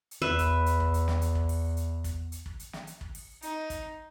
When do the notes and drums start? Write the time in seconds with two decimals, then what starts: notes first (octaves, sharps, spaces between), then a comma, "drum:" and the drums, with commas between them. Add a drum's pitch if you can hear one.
0.11 drum: hi-hat
0.22 E2 B4 E5
0.39 drum: kick, hi-hat
0.66 drum: hi-hat
0.80 drum: kick
0.94 drum: hi-hat
1.08 drum: snare
1.22 drum: hi-hat
1.35 drum: kick
1.49 drum: open hi-hat
1.77 drum: hi-hat
2.04 drum: kick, hi-hat
2.32 drum: hi-hat
2.46 drum: kick
2.60 drum: hi-hat
2.73 drum: snare
2.87 drum: hi-hat
3.01 drum: kick
3.15 drum: open hi-hat
3.42 D#4, drum: hi-hat
3.70 drum: kick, hi-hat